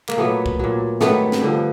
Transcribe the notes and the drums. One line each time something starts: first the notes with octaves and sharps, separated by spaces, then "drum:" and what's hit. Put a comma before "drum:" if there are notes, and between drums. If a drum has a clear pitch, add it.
A#3, drum: clap
A#2 F#3 A3 B3
drum: kick
A#2 F#3
G#2 D#3 F#3 A3 B3, drum: snare
drum: snare
G2 D3 F3